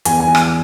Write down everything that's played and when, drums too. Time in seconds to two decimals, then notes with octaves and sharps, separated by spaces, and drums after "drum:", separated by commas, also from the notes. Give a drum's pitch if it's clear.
0.05 E2 G#5, drum: hi-hat
0.20 G#5
0.27 E2
0.35 G#5, drum: rim click